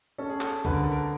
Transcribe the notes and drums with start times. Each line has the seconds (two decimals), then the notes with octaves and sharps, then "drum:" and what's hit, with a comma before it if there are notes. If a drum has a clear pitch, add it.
0.18 C#4 A4
0.30 G#4
0.41 A4, drum: clap
0.65 D3 B4, drum: kick B1
0.73 A#4
0.83 A4
0.92 A#4